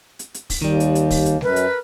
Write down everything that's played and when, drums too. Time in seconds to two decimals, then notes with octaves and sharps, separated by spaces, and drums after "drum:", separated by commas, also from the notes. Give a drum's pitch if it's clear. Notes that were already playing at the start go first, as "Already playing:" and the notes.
0.19 drum: hi-hat
0.34 drum: hi-hat
0.50 drum: kick, open hi-hat
0.62 D#2 D#3 G3
0.80 drum: hi-hat
0.95 drum: hi-hat
1.10 drum: kick, open hi-hat
1.26 drum: hi-hat
1.41 F#2 A#4 B4, drum: snare
1.56 drum: hi-hat